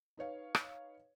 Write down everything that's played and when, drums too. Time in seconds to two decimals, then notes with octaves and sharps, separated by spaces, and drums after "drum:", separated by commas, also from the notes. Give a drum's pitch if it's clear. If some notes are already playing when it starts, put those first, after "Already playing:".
0.17 D#4 B4 C#5 F5
0.55 drum: rim click